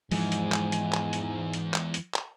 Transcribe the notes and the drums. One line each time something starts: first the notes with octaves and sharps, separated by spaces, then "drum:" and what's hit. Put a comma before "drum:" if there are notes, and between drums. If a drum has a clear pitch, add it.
E2 G#2 E3 F3 G#3 G#5, drum: open hi-hat
drum: hi-hat
drum: clap
drum: hi-hat
drum: clap
drum: hi-hat
drum: hi-hat
drum: clap
drum: hi-hat
drum: clap